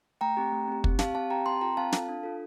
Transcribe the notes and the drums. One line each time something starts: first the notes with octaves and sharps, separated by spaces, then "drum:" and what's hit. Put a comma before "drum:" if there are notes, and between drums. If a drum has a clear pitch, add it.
A3 G5 A#5
C4 G4
A3
C4 G4
C4, drum: kick
G4 F5 A5, drum: snare
C4 F5 A5
G4 G5 A#5
C4 A5 C6
F4 A4 G5 A#5
C4 F5 A5
F4 A4, drum: snare
D4
F4 A4